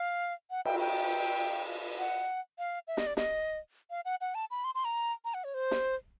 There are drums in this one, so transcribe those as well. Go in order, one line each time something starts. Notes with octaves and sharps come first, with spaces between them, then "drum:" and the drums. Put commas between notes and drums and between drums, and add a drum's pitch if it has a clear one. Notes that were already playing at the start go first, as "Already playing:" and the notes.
Already playing: F5
F#5
G5, drum: cymbal
G5
F#5
F5
E5
D#5, drum: snare
D5
D#5, drum: snare
F5
F#5
F#5
A5
B5
C6
C6
A#5
A#5
F#5
C#5
C5
drum: snare